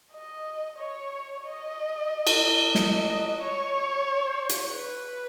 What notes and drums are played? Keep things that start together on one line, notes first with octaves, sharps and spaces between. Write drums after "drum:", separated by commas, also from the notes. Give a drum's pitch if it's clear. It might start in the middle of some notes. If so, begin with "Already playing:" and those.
D#5
C#5
D#5
drum: cymbal
D#5, drum: snare
C#5
drum: hi-hat
B4